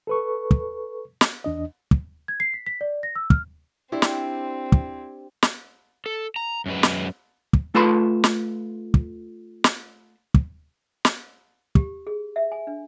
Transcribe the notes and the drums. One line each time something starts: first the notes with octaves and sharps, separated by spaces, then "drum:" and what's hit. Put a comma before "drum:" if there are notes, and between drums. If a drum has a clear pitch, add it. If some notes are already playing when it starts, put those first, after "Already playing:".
A4 B4 C#6
drum: kick
drum: snare
E2 D4 D#5
drum: kick
G#6
C7
B6
B6
D5
A#6
E6
F6, drum: kick
C4 D4 E4 G4 C5
drum: snare
drum: kick
drum: snare
A4
A#5
F#2 G#3 B4
drum: snare
drum: kick
A3 F4 B4 A5 B5 C6
drum: snare
drum: kick
drum: snare
drum: kick
drum: snare
G4, drum: kick
G#4
E5
G#5
D4